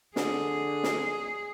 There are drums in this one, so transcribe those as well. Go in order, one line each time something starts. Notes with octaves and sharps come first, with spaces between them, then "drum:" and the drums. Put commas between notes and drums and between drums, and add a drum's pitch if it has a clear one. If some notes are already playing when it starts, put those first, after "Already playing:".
D3 G#4, drum: snare
drum: snare